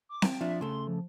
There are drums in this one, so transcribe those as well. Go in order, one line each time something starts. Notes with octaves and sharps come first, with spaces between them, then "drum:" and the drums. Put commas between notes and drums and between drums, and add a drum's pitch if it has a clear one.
D6
G5, drum: snare C4
F3 D4 E5
C#3 A3 C6
F3